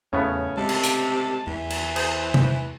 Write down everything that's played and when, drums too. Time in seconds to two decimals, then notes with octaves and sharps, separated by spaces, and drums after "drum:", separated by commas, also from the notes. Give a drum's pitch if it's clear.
0.13 E2 A2 C#3 B3 C#4
0.57 C3 G#3 A5
0.69 drum: cymbal
0.84 drum: hi-hat
1.47 E2 E3
1.70 drum: cymbal
1.96 G#4 C5, drum: cymbal
2.34 drum: tom C3